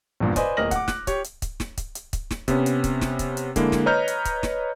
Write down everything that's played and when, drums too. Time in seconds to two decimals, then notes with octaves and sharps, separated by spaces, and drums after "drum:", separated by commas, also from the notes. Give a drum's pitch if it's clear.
0.20 A#1 E2 G2 A#2
0.36 B4 C5 D5 D#5 G#5, drum: kick C#1, hi-hat
0.57 D1 A#3 D#5 F6 A#6 F#7
0.71 F#5 D6, drum: kick C#1, hi-hat
0.88 F#6, drum: snare
1.07 G4 C#5, drum: kick C#1, hi-hat
1.24 drum: hi-hat
1.42 drum: kick C#1, hi-hat
1.60 drum: snare
1.78 drum: kick C#1, hi-hat
1.95 drum: hi-hat
2.13 drum: kick C#1, hi-hat
2.31 drum: snare
2.48 C3 B3 C#4, drum: kick C#1, hi-hat
2.66 drum: hi-hat
2.84 drum: kick C#1, hi-hat
3.01 drum: snare
3.19 drum: kick C#1, hi-hat
3.37 drum: hi-hat
3.56 D3 G#3 A#3 E4, drum: kick C#1, hi-hat
3.72 drum: snare
3.86 B4 C#5 D#5 A#5 F6 G6
4.08 drum: hi-hat
4.25 drum: kick C#1, hi-hat
4.43 drum: snare